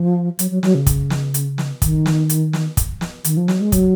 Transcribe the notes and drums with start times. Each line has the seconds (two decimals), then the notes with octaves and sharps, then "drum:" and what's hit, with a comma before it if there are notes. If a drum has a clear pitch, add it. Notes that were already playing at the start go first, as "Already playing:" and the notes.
Already playing: F3
0.39 F#3, drum: hi-hat
0.51 F#3
0.63 F#3, drum: snare
0.75 C#3
0.86 drum: kick, hi-hat
1.10 drum: snare
1.34 drum: hi-hat
1.58 drum: snare
1.82 D#3, drum: kick, hi-hat
2.06 drum: snare
2.29 drum: hi-hat
2.53 drum: snare
2.77 drum: kick, hi-hat
3.01 drum: snare
3.24 D#3, drum: hi-hat
3.37 F3
3.48 F#3, drum: snare
3.61 G#3
3.72 F#3, drum: kick, hi-hat